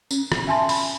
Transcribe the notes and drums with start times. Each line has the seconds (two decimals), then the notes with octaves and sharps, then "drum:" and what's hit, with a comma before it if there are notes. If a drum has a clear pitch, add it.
0.11 C#4, drum: tambourine
0.32 drum: rim click
0.47 E5 G#5 A5 C6
0.69 B5, drum: open hi-hat